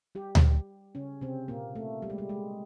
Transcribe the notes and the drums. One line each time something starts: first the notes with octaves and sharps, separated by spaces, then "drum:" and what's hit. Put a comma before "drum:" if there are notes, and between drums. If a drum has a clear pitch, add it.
G3 G4
drum: tom D2
C#3 C#4
C3 C4
A#2 A#3
A3
G3
G#3
G3
G#3